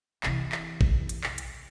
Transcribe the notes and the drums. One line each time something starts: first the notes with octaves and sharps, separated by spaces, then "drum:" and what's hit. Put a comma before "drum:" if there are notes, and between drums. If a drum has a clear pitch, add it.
C3 E3, drum: clap
drum: clap
drum: kick A1
drum: hi-hat
drum: clap
drum: hi-hat